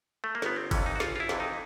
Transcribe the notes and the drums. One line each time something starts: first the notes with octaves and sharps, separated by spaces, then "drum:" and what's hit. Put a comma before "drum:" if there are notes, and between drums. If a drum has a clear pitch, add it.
A3
A#3
G1 B3, drum: snare
C4
F2 C3 E3 C#4, drum: kick G1, cymbal
D#4
F#4
G1 F4, drum: snare
F4
E4
F2 C3 E3, drum: snare
D#4